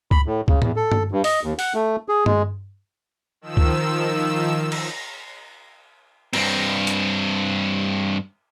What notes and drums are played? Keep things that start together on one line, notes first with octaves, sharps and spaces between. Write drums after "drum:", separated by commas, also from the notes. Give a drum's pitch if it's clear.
B5, drum: kick C#2
A2
C#3, drum: kick C#2
E2, drum: tom A2
A4
drum: tom G2
G2
D#5, drum: open hi-hat
D#2
F#5, drum: open hi-hat
A3
G#4
G#3, drum: tom G2
D#3 F3 E6
drum: kick C#2
drum: cymbal
G2 C4, drum: cymbal
drum: hi-hat